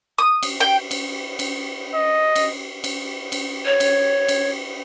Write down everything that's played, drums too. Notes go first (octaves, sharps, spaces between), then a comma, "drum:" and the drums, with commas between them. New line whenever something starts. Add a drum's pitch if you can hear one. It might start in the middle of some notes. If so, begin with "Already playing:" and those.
D#6
drum: cymbal
G5
drum: cymbal
drum: cymbal
D#5
drum: cymbal
drum: cymbal
drum: cymbal
C#5
drum: cymbal
drum: cymbal